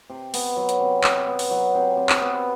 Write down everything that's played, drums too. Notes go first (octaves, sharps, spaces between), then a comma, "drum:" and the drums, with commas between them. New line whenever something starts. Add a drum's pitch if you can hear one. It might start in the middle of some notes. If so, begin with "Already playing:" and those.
C3
B3, drum: open hi-hat
F#3
drum: hi-hat
C3
C3, drum: clap
B3
drum: open hi-hat
F#3
C3
C3
drum: clap
B3